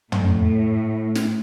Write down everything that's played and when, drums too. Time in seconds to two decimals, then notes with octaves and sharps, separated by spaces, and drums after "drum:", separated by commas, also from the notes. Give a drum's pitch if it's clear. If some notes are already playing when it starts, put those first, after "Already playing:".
0.12 A2, drum: tom
1.15 drum: snare